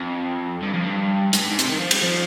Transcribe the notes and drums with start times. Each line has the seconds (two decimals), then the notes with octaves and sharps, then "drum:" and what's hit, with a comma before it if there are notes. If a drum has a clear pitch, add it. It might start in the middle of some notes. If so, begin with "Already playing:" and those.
Already playing: F2
0.62 G2
0.73 F2
0.85 G2
1.33 G#2, drum: hi-hat
1.41 G2
1.50 G#2
1.59 C3, drum: hi-hat
1.68 D#3
1.80 F3
1.91 G3, drum: cymbal
2.02 F3